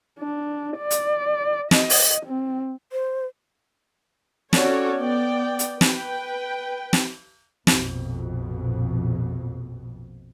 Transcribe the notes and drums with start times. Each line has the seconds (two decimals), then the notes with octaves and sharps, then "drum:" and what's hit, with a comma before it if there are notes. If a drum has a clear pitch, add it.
0.19 D4
0.78 D5
0.91 drum: hi-hat
1.71 D#5, drum: snare
1.90 drum: open hi-hat
2.26 C4
2.92 C5
4.53 C4 C#4 F#4 A4 C#5 D5, drum: snare
4.97 B3 D5 G5
5.59 drum: hi-hat
5.81 B4 G5, drum: snare
6.93 drum: snare
7.67 A#1 F2 B2, drum: snare